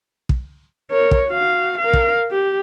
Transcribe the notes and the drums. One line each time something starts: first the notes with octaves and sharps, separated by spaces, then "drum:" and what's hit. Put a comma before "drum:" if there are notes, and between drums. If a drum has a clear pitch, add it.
drum: kick
A#4 C#5
drum: kick
F#4 F5
A#4 F5
drum: kick
G4